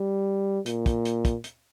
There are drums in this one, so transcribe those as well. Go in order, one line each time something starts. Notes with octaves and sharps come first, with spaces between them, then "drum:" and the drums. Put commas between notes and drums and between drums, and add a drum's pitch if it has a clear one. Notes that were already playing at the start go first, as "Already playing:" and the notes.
Already playing: G3
A#2, drum: hi-hat
drum: kick, hi-hat
drum: hi-hat
drum: kick, hi-hat
drum: hi-hat